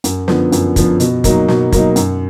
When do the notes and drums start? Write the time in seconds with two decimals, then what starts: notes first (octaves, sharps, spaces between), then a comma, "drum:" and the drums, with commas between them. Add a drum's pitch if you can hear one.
0.04 F#2, drum: hi-hat
0.28 D3 F3 B3, drum: snare
0.52 F#2, drum: hi-hat
0.76 D3 F3 B3, drum: kick, hi-hat
1.00 B2, drum: hi-hat
1.24 F#3 A#3 D#4, drum: kick, hi-hat
1.48 B2, drum: snare
1.72 F#3 A#3 D#4, drum: kick, hi-hat
1.96 F#2, drum: hi-hat